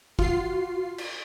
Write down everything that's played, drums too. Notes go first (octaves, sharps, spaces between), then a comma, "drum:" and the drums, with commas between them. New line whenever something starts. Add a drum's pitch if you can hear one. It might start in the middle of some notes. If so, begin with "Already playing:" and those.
F4 F#4 C7, drum: kick
drum: cymbal